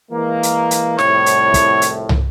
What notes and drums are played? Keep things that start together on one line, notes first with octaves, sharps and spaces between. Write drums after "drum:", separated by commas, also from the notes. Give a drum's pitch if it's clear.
E3 G#3 A#3
drum: hi-hat
drum: hi-hat
C2 F2 A2 C#5, drum: snare
drum: hi-hat
drum: kick, hi-hat
drum: hi-hat
drum: tom